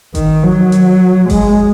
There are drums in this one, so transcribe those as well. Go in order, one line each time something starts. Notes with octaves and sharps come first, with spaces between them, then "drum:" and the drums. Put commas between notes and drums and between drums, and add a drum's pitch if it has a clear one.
D#3, drum: kick G1, hi-hat
F#3
drum: hi-hat
G#3, drum: kick G1, open hi-hat